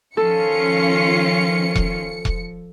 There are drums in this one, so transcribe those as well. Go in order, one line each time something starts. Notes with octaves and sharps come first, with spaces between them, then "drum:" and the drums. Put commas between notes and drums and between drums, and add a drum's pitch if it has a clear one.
D#3 F3 C#4 F4 A4 C#7
drum: kick E1
drum: kick E1